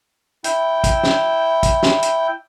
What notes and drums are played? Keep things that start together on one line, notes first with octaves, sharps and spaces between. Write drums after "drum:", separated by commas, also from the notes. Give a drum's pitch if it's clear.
E4 G5, drum: hi-hat
drum: kick, hi-hat
drum: snare
drum: kick, hi-hat
drum: snare
drum: hi-hat